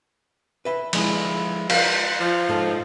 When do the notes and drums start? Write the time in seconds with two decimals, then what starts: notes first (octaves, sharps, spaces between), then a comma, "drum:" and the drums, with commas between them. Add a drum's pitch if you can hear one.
0.65 B4 E5
0.93 F3 G#3 E4, drum: cymbal
1.70 F5, drum: cymbal
2.20 F3
2.49 G#2 A4